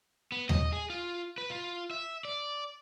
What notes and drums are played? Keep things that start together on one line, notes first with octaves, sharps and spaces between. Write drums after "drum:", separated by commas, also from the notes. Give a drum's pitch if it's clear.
B3
D#5, drum: tom D#2
G#4
F4
B4
F4
E5
D5